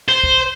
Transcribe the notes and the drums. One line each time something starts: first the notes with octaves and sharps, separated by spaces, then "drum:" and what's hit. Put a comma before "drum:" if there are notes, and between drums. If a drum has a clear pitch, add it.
C5
drum: kick